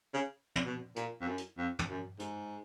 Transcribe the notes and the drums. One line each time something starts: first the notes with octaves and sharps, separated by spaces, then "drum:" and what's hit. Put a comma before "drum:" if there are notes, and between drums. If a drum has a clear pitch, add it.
C#3
drum: tom
B2
A#2, drum: hi-hat
F2
F#2
drum: hi-hat
F2
drum: tom
F#2
G#2, drum: hi-hat